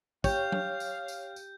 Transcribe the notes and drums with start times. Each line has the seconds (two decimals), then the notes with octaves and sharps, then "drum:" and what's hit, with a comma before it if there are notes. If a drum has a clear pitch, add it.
0.24 G4 C#5 F5 G6, drum: kick, tambourine
0.52 drum: tom F#3
0.80 drum: tambourine
1.08 drum: tambourine
1.36 drum: tambourine